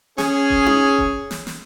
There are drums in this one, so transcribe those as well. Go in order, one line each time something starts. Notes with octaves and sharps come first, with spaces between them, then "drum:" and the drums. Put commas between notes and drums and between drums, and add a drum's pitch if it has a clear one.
C#4 G#4, drum: snare
drum: kick D#1
drum: tom D#4
drum: kick D#1
drum: snare
drum: snare